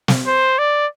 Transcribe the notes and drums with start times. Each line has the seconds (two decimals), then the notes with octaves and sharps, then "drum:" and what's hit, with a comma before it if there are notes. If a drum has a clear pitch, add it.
0.08 drum: snare
0.27 C5
0.59 D5